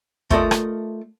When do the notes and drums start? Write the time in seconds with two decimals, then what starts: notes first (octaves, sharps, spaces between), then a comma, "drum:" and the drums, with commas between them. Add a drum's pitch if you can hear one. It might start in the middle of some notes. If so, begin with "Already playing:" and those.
0.30 A3 F4 A4 A#4 D5 D#5, drum: kick
0.51 drum: rim click